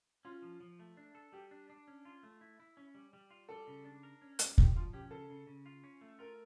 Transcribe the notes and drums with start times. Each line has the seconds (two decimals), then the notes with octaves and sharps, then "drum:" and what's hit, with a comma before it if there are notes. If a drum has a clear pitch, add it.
0.25 C#4 F4
0.42 F3
0.60 F3
0.79 A3
0.97 D4
1.15 A4
1.32 G3 G4
1.51 D4
1.70 D4
1.88 C#4
2.05 F4
2.23 A3
2.41 E4
2.60 E4
2.77 C#4
2.95 G3
3.13 G3
3.31 F4
3.49 G3 A4
3.67 C#3
3.85 D4
4.03 A#4
4.22 C#4
4.39 G3, drum: hi-hat
4.58 F3 G4, drum: kick
4.76 F3 F4
4.93 C#4 G4
5.11 C#3 A4
5.30 C#3
5.47 C#3
5.66 F4
5.84 C#4
6.01 A3
6.19 F4 A#4